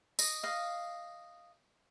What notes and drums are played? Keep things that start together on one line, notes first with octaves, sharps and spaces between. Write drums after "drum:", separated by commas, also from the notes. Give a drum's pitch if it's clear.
D#5, drum: tambourine
D#5 F5